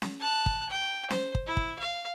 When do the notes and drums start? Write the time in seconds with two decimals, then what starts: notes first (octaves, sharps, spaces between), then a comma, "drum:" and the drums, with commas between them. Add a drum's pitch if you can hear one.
0.02 drum: snare C#4
0.20 A5 F#6
0.46 drum: kick
0.69 G5
1.10 C5, drum: snare C#4
1.35 drum: kick
1.46 E4
1.57 drum: kick
1.79 F5